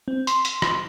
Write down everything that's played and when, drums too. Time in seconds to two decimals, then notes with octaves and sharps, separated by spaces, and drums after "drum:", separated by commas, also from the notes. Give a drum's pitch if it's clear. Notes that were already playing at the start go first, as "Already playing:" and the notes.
0.08 C4
0.27 C6, drum: hi-hat
0.45 drum: hi-hat
0.62 drum: rim click